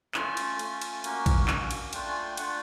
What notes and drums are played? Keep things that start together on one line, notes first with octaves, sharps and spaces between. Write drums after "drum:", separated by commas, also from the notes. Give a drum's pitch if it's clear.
A3 C#4 F4 G#5, drum: clap
drum: cymbal
A3 C#4 F4, drum: cymbal
drum: cymbal
A#3 C#4 F#4, drum: cymbal
drum: kick A1, cymbal
A#3 C#4 F#4, drum: clap
drum: cymbal
A3 D4 F4 G5, drum: cymbal
G#5
G5
A3 D4 F4 F#5, drum: cymbal